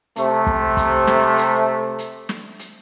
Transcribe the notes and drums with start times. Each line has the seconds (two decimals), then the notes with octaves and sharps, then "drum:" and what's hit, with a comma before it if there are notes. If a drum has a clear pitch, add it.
0.16 C3 A3, drum: hi-hat
0.47 drum: kick
0.77 drum: kick, hi-hat
1.07 drum: snare
1.38 drum: hi-hat
1.99 drum: hi-hat
2.29 drum: snare
2.59 drum: hi-hat